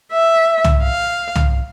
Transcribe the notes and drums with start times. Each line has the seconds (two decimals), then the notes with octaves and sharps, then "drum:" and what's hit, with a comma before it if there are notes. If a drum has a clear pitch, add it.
0.12 E5
0.64 drum: tom
0.83 F5
1.35 drum: tom